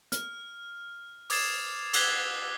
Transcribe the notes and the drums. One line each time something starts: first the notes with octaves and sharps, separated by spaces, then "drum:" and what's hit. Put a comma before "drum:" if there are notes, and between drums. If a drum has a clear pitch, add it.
F6, drum: hi-hat
D6 D#6 G#6 A6 C7 E7, drum: open hi-hat
D6 E6 F#6 G#6 B6 G7, drum: cymbal